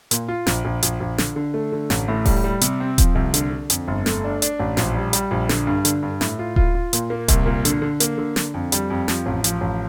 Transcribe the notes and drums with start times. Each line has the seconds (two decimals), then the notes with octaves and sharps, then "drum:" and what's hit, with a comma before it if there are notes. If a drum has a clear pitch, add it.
0.11 A#2, drum: hi-hat
0.28 F4
0.47 A#1, drum: snare
0.65 A#1
0.83 A#1, drum: hi-hat
1.00 A#1
1.18 D3, drum: snare
1.36 D3
1.54 A3
1.72 D3
1.90 A1, drum: snare
2.08 A2
2.25 G3, drum: kick D#1, open hi-hat
2.44 G3
2.61 C3, drum: hi-hat
2.80 C4
2.98 F3, drum: kick D#1, hi-hat
3.15 C2
3.34 D3, drum: hi-hat
3.52 D3
3.70 F2, drum: hi-hat
3.88 G1
4.06 A3, drum: snare
4.24 D4
4.42 D4, drum: hi-hat
4.59 A1
4.77 A#1, drum: snare
4.95 G3
5.13 G3, drum: hi-hat
5.31 A#1
5.49 D3, drum: snare
5.67 G2
5.85 D3, drum: hi-hat
6.03 G2
6.21 A2, drum: snare
6.39 F4
6.56 F4, drum: kick D#1
6.75 F4
6.93 A#2, drum: hi-hat
7.10 A#3
7.28 C2, drum: kick D#1, hi-hat
7.46 A#2
7.65 D3, drum: hi-hat
7.82 D3
8.00 A#3, drum: hi-hat
8.18 D3
8.36 D3, drum: snare
8.54 F2
8.72 G3, drum: hi-hat
8.90 F2
9.08 F3, drum: snare
9.26 A1
9.44 F3, drum: hi-hat
9.61 A1